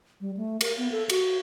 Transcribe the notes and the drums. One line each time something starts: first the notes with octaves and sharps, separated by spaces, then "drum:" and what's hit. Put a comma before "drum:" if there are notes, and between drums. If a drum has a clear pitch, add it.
G3
A3
A#4, drum: cymbal
B3
A4
F#4, drum: cymbal